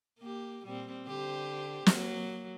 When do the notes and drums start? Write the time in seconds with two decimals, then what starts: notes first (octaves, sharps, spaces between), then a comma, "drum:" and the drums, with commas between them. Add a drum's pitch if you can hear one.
0.20 A#3 G4
0.64 A#2 G3 C4
1.06 D3 G4 C5
1.86 F#3 A#3, drum: snare